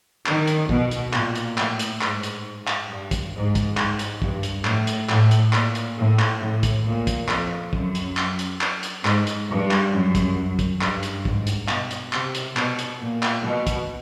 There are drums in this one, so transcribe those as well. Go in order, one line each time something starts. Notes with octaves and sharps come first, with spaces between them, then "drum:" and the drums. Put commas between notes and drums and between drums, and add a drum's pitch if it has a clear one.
D#3, drum: clap
drum: hi-hat
B2, drum: kick
drum: hi-hat
A#2, drum: clap
drum: hi-hat
A2, drum: clap
drum: hi-hat
G#2, drum: clap
drum: hi-hat
drum: clap
G2
drum: kick, hi-hat
G#2
drum: kick, hi-hat
G#2, drum: clap
drum: hi-hat
G2, drum: kick
drum: hi-hat
A2, drum: clap
drum: hi-hat
A2, drum: clap
drum: hi-hat
A#2, drum: clap
drum: hi-hat
A2
drum: clap
A2
drum: kick, hi-hat
A#2
drum: kick, hi-hat
F2, drum: clap
F#2, drum: kick
drum: hi-hat
drum: clap
drum: hi-hat
drum: clap
drum: hi-hat
G#2, drum: clap
drum: hi-hat
G2
drum: clap
F#2
drum: kick, hi-hat
drum: kick, hi-hat
G2, drum: clap
drum: hi-hat
G#2, drum: kick
drum: hi-hat
B2, drum: clap
drum: hi-hat
C3, drum: clap
drum: hi-hat
B2, drum: clap
drum: hi-hat
A#2
drum: clap
B2
drum: kick, hi-hat